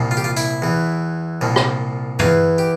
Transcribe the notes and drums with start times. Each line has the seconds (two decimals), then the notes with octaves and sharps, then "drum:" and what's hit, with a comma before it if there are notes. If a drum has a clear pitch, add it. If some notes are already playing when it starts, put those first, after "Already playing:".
Already playing: C2 A#2 F3
0.11 F4
0.17 G4
0.24 F4
0.37 E4, drum: tambourine
0.62 E2 E3
1.41 C2 A#2 F3
1.56 drum: rim click
2.19 E2 E3 F4, drum: tom
2.58 G4